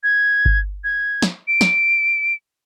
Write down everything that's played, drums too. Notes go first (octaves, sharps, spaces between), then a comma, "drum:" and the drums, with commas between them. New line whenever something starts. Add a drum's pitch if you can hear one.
G#6
drum: kick G1
G#6
drum: snare
D7
drum: snare